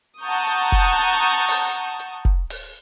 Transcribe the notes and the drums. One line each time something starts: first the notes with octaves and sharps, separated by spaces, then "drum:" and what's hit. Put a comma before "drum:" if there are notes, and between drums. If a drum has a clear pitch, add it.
F#5 A5 A#5 C#6 D#6 G6
drum: hi-hat
drum: kick
drum: open hi-hat
drum: hi-hat
drum: kick
drum: open hi-hat